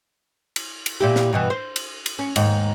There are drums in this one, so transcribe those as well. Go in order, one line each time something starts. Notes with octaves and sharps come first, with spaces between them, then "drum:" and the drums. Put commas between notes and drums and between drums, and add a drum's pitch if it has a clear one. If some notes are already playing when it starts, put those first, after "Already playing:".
drum: cymbal
drum: cymbal
A#2 E4 G4
drum: snare
G2 B2 E3
C5
drum: cymbal
drum: cymbal
C#4
D#2 G#2, drum: cymbal